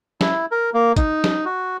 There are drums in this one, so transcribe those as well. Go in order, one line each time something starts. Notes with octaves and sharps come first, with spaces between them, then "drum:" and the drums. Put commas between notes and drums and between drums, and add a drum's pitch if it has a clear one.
E4, drum: snare
A#4
A#3
D#4, drum: kick, hi-hat
drum: snare
F#4